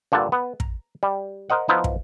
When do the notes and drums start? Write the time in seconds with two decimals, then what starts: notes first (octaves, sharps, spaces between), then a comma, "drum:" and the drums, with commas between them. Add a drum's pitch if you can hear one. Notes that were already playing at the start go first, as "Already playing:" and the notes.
0.12 G2 A#2 D3 F#5 A5
0.32 B3
0.60 A#5, drum: kick
1.03 G3
1.50 A#4 C5 D#5 F#5
1.68 F3 B3 D#4 E4 C5
1.84 drum: kick